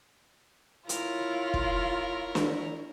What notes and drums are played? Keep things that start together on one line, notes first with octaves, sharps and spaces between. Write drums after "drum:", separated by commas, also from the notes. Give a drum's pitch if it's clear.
E4 F4 A#4 C#5, drum: hi-hat
drum: kick
drum: snare